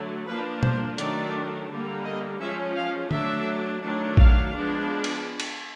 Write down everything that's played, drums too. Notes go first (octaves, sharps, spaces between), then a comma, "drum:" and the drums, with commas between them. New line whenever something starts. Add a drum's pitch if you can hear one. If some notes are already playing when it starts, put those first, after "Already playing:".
Already playing: D3 F#3 A3
F3 A#3 D4 B4
C5, drum: tom B2
D#3 F#3 A3 D4 D5, drum: hi-hat
D3 G3 A#3
D#5
F3 G#3 C#4 E5
F5
F#3 A3 D4 E5, drum: tom
D#3 F#3 A3 D4
F5, drum: kick A#1
F3 G#3 B3 D4
drum: cymbal
drum: cymbal